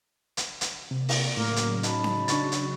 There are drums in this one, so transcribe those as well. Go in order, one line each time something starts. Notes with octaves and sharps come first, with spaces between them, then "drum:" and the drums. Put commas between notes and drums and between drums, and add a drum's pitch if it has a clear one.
drum: hi-hat
drum: hi-hat
C3 A#3 D5
drum: open hi-hat
A2 C#3 F#3 A#3
drum: hi-hat
D#4 A5 B5, drum: hi-hat
drum: snare C#4
D4 C#6 A6, drum: hi-hat
drum: hi-hat